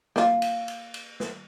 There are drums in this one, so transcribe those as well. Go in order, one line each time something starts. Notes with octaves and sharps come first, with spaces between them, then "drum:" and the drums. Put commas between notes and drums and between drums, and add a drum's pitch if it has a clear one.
A#3 F4, drum: snare
drum: cymbal
drum: cymbal
drum: cymbal
drum: snare